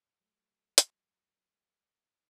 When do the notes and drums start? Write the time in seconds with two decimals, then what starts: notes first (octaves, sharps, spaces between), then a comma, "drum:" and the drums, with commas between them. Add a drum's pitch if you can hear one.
0.20 F#3 A3
0.78 drum: hi-hat